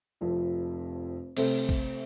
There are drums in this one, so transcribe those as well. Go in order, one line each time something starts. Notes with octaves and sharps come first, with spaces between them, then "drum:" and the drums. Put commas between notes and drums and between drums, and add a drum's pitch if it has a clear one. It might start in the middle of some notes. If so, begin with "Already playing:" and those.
F1 F2 F3
C3 A3 C4 A4 C5, drum: cymbal
drum: kick